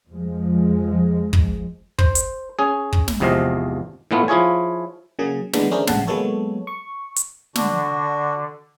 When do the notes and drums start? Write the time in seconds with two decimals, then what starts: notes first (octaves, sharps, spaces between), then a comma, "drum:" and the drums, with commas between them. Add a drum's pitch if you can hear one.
0.11 F2 F3 G#3
1.33 drum: kick
1.99 C5, drum: kick
2.15 drum: hi-hat
2.59 C#4 G#4
2.93 drum: kick
3.08 drum: snare
3.20 G#1 E2 C3 F3 D#5 F5
4.11 A2 E3 A3 B3 F4
4.28 F3 E4 F4 G#4 C#5 G#5
5.19 C#3 F#3 A#3 G#4
5.53 D3 E3 G#3 B3 D4 B6, drum: snare
5.71 A3 C#4 D4 G#4 A#4 C5
5.87 A1 C#3 F#5 A5 C7, drum: snare
6.07 F#3 G#3 A#3 B3 A4 C#5
6.67 C#6
7.16 drum: hi-hat
7.55 D3 D4 F#4, drum: snare